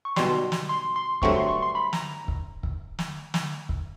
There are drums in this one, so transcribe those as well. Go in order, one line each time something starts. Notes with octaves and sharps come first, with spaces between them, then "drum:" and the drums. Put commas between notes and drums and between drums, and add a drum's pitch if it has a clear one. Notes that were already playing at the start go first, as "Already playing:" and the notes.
C#6
B1 B2 G3 C6, drum: snare
drum: snare
C6
C6
G2 D3 F#3 A3 C4 C#6, drum: kick
C6
C#6
C6
B5
A#5, drum: snare
drum: kick
drum: kick
drum: snare
drum: snare
drum: kick